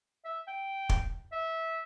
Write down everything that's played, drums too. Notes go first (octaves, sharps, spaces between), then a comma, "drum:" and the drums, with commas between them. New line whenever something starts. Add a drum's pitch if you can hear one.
E5
G5
drum: kick
E5